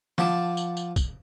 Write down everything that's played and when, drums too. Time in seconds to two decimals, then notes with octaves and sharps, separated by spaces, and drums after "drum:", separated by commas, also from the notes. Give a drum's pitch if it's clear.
0.18 F3 D5 F#5 A5 D6, drum: snare
0.57 drum: tambourine
0.77 drum: tambourine
0.96 drum: kick, tambourine